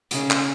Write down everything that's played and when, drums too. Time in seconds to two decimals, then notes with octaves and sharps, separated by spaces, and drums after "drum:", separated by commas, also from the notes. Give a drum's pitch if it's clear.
0.11 C#3, drum: hi-hat
0.31 drum: clap